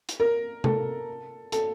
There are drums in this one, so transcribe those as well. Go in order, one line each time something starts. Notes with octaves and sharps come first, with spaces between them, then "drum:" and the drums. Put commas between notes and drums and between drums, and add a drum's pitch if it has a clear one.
drum: hi-hat
A#4
A4, drum: tom C3
A4, drum: hi-hat